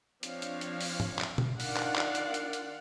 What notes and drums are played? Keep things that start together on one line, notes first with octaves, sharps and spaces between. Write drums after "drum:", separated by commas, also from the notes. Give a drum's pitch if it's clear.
F3 C4 D4 C#5 F5, drum: hi-hat
drum: hi-hat
drum: hi-hat
drum: open hi-hat
drum: tom G#2
drum: clap
drum: tom B2
D#3 D4 F4 D5 F5 F#5, drum: open hi-hat
drum: clap
drum: clap
drum: hi-hat
drum: hi-hat
drum: hi-hat